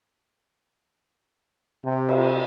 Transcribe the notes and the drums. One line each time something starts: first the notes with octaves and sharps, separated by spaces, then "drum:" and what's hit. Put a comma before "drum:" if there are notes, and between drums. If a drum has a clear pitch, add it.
C3
drum: cymbal